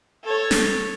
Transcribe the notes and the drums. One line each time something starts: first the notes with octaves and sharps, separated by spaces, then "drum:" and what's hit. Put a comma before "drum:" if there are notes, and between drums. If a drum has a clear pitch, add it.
A4 C#5
drum: snare